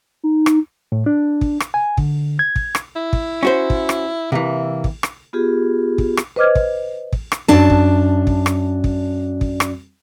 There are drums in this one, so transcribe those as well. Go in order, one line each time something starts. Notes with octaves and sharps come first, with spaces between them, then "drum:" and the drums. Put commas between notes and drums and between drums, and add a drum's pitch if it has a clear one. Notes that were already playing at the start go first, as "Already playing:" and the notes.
D#4
drum: rim click
A2
D4
drum: kick
drum: rim click
G#5
D3, drum: kick
G#6
drum: kick
drum: rim click
E4
drum: kick
C#4 F#4 C5
drum: kick
drum: rim click
C3 E3 A#3
drum: kick
drum: rim click
B3 F4 G4 G#4
drum: kick
drum: rim click
B4 C5 D#5 D6 F6 G#6
drum: kick
drum: kick
drum: rim click
F#2 D4 A5
drum: kick
drum: kick
drum: rim click
drum: kick
drum: kick
drum: rim click